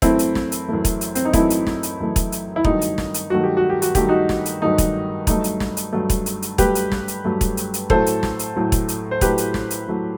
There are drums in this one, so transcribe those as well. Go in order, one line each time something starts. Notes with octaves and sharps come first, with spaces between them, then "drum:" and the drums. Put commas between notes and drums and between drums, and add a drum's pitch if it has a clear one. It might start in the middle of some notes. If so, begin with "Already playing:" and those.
F#2 E3 A3 C4 E4, drum: kick E1, hi-hat
drum: hi-hat
drum: snare
drum: hi-hat
F#2 E3 A3
drum: kick E1, hi-hat
drum: hi-hat
C4, drum: hi-hat
D#4
F#2 E3 A3 C4 E4, drum: kick E1, hi-hat
drum: hi-hat
drum: snare
drum: hi-hat
F#2 E3 A3
drum: kick E1, hi-hat
drum: hi-hat
E4
G2 D#3 F#3 A3 D#4, drum: kick E1
drum: hi-hat
drum: snare
drum: hi-hat
G2 D#3 F#3 A3 F#4
G4
F#4
G4
F#4, drum: hi-hat
G2 D#3 F#3 A3 G4, drum: kick E1, hi-hat
D#4 F#4
drum: snare
drum: hi-hat
G2 D#3 F#3 A3 D#4
drum: kick E1, hi-hat
G2 F#3 A3 D#4, drum: kick E1, hi-hat
drum: hi-hat
drum: snare
drum: hi-hat
G2 F#3 A3
drum: kick E1, hi-hat
drum: hi-hat
drum: hi-hat
G2 F#3 A3 G4 B4, drum: kick E1, hi-hat
drum: hi-hat
drum: snare
drum: hi-hat
G2 F#3 A3
drum: kick E1, hi-hat
drum: hi-hat
drum: hi-hat
A2 F#3 A3 A4 C5, drum: kick E1
drum: hi-hat
drum: snare
drum: hi-hat
A2 F#3 A3
drum: kick E1, hi-hat
drum: hi-hat
C5
A2 F#3 A3 G4 B4, drum: kick E1, hi-hat
drum: hi-hat
drum: snare
drum: hi-hat
A2 F#3 A3